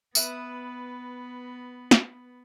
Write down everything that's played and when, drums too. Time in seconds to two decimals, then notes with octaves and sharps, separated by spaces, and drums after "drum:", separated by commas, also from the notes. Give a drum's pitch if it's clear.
0.15 B3 B4 E5 D#6, drum: tambourine
1.91 drum: snare